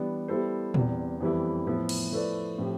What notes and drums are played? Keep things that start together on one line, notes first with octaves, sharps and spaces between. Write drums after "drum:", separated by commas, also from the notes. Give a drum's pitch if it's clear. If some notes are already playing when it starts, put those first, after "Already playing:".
Already playing: E3 G3 B3 D4
G3 B3 E4 A4 C5
E2 C3 G3, drum: tom A#2
F2 E3 G3 B3 E4
A2 F3 B3 E4
drum: cymbal
F3 A3 E4 B4 D5
A2 F3 C4 G4 C5